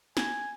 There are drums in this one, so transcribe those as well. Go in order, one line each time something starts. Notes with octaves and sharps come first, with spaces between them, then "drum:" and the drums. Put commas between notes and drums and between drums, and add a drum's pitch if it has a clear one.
G#5, drum: snare